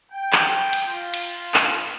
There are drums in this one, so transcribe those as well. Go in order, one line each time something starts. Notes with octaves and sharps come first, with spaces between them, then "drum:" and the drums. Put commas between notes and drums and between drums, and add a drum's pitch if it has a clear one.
G5
drum: clap
drum: cymbal
F4
drum: cymbal
drum: clap